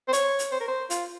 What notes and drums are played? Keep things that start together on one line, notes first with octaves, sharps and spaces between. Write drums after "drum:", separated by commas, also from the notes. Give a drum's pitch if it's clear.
C5
C#5, drum: hi-hat
drum: hi-hat
C5
A#4
C5
F4, drum: hi-hat